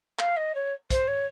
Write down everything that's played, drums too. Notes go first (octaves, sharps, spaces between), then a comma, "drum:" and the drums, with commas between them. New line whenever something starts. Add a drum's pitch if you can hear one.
F5, drum: clap
D#5
C#5
C5, drum: kick, hi-hat
C#5